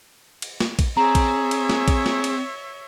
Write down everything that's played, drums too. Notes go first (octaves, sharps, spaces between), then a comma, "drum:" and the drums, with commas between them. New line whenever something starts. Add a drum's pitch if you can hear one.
drum: cymbal
drum: snare
drum: kick A#1, cymbal
C4 G#4 C#5 E5 A#5
drum: kick A#1, cymbal
drum: cymbal
drum: snare
drum: kick A#1, cymbal
drum: snare
drum: cymbal